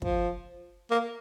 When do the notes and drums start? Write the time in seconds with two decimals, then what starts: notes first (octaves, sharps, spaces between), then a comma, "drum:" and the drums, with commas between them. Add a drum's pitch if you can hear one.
0.02 F3, drum: kick
0.91 A#3